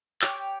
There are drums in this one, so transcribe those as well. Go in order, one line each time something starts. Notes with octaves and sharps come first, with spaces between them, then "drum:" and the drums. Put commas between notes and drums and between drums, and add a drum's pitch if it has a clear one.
G4 C#5 G5, drum: clap